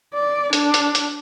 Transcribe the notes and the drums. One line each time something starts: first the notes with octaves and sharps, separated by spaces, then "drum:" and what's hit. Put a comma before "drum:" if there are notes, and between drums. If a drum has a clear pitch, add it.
D5
D4, drum: hi-hat
drum: hi-hat
drum: hi-hat